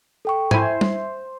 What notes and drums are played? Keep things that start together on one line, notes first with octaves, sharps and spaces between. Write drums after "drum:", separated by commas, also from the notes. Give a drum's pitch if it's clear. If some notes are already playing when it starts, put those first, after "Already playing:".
A4 G5 C#6
E4 C5 E5 G#5, drum: tom G#2
drum: tom